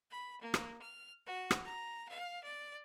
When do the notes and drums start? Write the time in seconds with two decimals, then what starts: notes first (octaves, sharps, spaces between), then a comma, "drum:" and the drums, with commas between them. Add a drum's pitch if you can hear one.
0.11 B5
0.41 A#3
0.54 drum: rim click
0.82 F6
1.26 F#4
1.51 drum: rim click
1.63 A#5
2.08 F5
2.44 D5